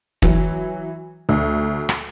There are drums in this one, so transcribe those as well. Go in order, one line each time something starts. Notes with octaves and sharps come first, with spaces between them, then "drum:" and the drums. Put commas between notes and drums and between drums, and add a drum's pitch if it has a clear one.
E3 F#3, drum: kick
D2
drum: rim click